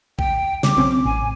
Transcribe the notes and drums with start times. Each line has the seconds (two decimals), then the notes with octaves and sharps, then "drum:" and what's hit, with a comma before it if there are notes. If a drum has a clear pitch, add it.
0.19 G5, drum: kick A#1
0.63 C#3 D6, drum: snare
0.76 B1 C4 C#4
1.06 A1 G#5